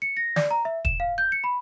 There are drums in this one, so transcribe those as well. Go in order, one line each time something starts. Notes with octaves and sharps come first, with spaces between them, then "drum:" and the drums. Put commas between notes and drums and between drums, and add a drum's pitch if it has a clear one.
C#7
A#6
D5, drum: snare
A#5
E5
E7, drum: kick
F5
G6
C#7
B5